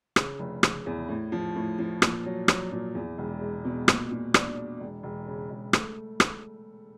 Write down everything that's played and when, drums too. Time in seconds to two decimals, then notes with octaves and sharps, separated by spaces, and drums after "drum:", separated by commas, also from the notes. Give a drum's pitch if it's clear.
0.16 C#3, drum: rim click
0.39 F1
0.63 C#3, drum: rim click
0.86 E2
1.09 A2
1.32 F3
1.56 A2
1.79 F3
2.02 A#2, drum: rim click
2.25 F#3
2.48 F#3, drum: rim click
2.72 A#2
2.95 E2
3.18 E1
3.41 G#3
3.65 B2
3.88 A#2, drum: rim click
4.11 A#2
4.34 D4, drum: rim click
4.57 D4
4.80 E1
5.03 E1
5.27 C#3
5.50 E1
5.73 A3, drum: rim click
6.20 drum: rim click